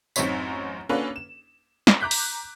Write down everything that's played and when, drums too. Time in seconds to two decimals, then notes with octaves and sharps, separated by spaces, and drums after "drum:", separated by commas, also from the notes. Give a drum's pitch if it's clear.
0.16 A1 F#2 C4 D#4 C#5 B6, drum: tambourine
0.89 A#3 C#4 D4 F#4 A4 B4
1.16 E7
1.87 drum: snare
2.00 A#5 D6 F#6 G6 B6
2.11 drum: open hi-hat